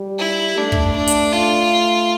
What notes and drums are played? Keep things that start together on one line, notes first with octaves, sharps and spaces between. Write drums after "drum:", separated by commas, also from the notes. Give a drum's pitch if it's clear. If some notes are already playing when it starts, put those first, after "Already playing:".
Already playing: G3
E4
A3 D4
drum: kick
D4
drum: hi-hat
F4